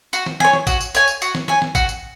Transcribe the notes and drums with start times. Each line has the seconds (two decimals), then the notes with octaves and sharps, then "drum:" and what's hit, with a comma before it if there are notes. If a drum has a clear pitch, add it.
0.13 F#4, drum: tambourine
0.26 drum: snare
0.40 C#5 G#5, drum: snare
0.53 drum: snare
0.67 F#4, drum: kick, tambourine
0.81 drum: tambourine
0.95 C#5 G#5, drum: tambourine
1.08 drum: tambourine
1.22 F#4, drum: tambourine
1.35 drum: snare
1.48 C#5 G#5, drum: snare
1.62 drum: snare
1.75 F#4, drum: kick, tambourine
1.89 drum: tambourine